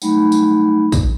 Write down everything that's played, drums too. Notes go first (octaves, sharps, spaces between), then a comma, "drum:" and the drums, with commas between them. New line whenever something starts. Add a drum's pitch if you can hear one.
F#3 G3 A3 D#4 B5, drum: tambourine
drum: tambourine
drum: kick, tambourine